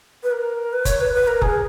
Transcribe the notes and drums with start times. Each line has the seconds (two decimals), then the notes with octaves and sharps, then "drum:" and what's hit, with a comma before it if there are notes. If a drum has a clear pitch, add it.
0.23 B4
0.32 A#4
0.73 B4
0.85 C#5, drum: kick F1, hi-hat
0.98 B4
1.14 B4
1.27 A#4
1.42 G#4, drum: kick F1